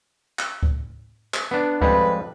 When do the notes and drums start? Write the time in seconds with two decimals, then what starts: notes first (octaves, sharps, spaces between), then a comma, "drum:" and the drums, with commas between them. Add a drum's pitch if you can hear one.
0.39 drum: clap
0.63 drum: kick C#2
1.34 drum: clap
1.51 B3 D4
1.81 F2 G3 G#3 B4, drum: kick C#2